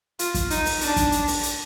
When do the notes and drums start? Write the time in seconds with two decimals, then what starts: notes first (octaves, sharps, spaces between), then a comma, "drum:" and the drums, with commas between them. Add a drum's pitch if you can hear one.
0.19 F4, drum: hi-hat
0.34 drum: kick, hi-hat
0.50 D#4, drum: hi-hat
0.65 drum: open hi-hat
0.81 D4, drum: hi-hat
0.96 drum: kick, hi-hat
1.12 drum: hi-hat
1.27 drum: open hi-hat
1.43 drum: hi-hat